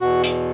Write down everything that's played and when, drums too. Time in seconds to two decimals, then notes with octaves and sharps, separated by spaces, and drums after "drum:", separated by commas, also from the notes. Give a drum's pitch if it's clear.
0.01 E2 B2 F#4
0.24 drum: hi-hat